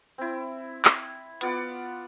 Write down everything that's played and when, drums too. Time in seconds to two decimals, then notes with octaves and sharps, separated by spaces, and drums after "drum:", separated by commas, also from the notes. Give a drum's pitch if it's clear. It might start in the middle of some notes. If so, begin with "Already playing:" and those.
0.18 C4 E4
0.85 drum: clap
1.41 B3 F4 D5 F#5, drum: hi-hat